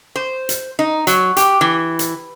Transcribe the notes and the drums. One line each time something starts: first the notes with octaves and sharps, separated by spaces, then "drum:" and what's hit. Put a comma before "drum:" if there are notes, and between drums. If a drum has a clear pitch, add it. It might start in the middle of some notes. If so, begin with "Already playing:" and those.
C5
drum: hi-hat
D#4
F#3, drum: hi-hat
G4, drum: hi-hat
E3
drum: hi-hat